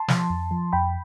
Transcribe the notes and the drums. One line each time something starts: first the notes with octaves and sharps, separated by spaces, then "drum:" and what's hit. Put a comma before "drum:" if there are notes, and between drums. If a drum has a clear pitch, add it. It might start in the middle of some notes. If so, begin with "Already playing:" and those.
Already playing: A5 C6
F3, drum: snare
F2
F3
F2 G5 B5